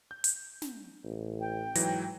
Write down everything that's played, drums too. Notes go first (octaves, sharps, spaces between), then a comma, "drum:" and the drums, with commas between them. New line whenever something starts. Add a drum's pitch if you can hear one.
G6
drum: hi-hat
drum: snare
A1
G5
G#2 E3 F#3 A#6, drum: hi-hat